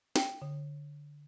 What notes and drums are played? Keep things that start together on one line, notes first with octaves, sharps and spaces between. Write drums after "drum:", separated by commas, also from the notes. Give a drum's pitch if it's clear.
G5, drum: snare
D3